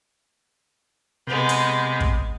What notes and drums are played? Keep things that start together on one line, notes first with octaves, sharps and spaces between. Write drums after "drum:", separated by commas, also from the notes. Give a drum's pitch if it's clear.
C3 G#3 B3
drum: hi-hat
drum: kick